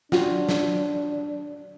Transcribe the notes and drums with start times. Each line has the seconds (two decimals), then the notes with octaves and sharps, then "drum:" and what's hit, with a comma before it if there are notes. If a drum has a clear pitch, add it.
0.12 D4 F4 F#4, drum: snare
0.49 drum: snare